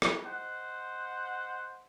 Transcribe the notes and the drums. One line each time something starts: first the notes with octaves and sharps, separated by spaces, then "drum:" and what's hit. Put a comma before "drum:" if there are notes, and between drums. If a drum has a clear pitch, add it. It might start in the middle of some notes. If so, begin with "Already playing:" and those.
drum: rim click
C5 D#5 F#5